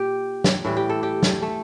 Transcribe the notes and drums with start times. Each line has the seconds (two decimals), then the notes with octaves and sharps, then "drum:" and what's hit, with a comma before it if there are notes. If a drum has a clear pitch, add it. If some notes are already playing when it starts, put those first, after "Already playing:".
Already playing: A#2 G4
0.44 drum: snare
0.65 A2 E3 G3
0.77 G4
0.89 A4
1.03 G4
1.23 drum: snare
1.42 A3